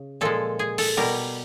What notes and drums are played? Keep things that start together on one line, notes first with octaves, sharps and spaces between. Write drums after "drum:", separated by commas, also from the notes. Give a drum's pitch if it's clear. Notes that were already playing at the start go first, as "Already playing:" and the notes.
Already playing: C#3
A#2 F3 G#3 A4
G#4
A4, drum: open hi-hat
B2 G3 A#4